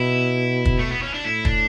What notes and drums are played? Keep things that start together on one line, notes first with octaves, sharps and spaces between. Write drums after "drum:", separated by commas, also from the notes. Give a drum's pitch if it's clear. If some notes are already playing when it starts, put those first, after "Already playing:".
Already playing: B2 E4
drum: kick
A3
B3
C#4
D4
A2 E4
D4, drum: kick